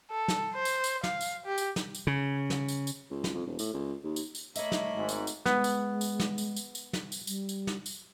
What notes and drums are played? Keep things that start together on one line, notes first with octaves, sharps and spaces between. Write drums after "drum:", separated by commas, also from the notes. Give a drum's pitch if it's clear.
A4
drum: snare
C5
drum: tambourine
drum: tambourine
F5, drum: snare
drum: tambourine
G4
drum: tambourine
drum: snare
drum: tambourine
C#3
drum: snare
drum: tambourine
drum: tambourine
C#2
drum: snare
F2
E1
A2, drum: tambourine
C#2
D#2
drum: tambourine
drum: tambourine
A3 A#3 C#5 D#5 E5 B5, drum: tambourine
drum: snare
G#1 G#2
drum: tambourine
drum: tambourine
G#3 B3, drum: snare
drum: tambourine
drum: tambourine
drum: snare
drum: tambourine
drum: tambourine
drum: tambourine
drum: snare
drum: tambourine
G3, drum: tambourine
drum: tambourine
drum: snare
drum: tambourine